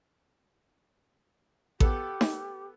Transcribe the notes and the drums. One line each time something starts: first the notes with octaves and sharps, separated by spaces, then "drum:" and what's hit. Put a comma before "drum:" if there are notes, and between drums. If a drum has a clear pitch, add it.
B3 G4 A4, drum: kick A1
drum: snare D#4